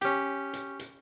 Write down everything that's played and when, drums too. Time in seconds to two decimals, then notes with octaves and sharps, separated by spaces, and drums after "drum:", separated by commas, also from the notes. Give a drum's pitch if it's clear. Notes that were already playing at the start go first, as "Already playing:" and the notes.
0.02 C#4 G4, drum: hi-hat
0.53 drum: hi-hat
0.79 drum: hi-hat